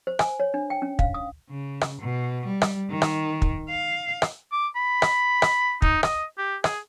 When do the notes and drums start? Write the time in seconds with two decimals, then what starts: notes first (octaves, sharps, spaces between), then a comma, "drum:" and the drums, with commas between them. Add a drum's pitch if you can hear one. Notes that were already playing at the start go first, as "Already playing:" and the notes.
0.07 C5
0.19 G#5, drum: rim click
0.40 C#5
0.54 D4
0.70 G5
0.82 C#4
0.99 F5, drum: kick
1.14 D#6
1.50 C#3
1.81 drum: rim click
2.01 B2
2.46 G3
2.62 drum: rim click
2.90 D#3
3.02 drum: rim click
3.42 drum: kick
3.70 F5
4.22 drum: rim click
4.52 D6
4.75 B5
5.02 drum: rim click
5.42 drum: rim click
5.82 D#4, drum: kick
6.03 D#5, drum: rim click
6.38 G4
6.64 G#4, drum: rim click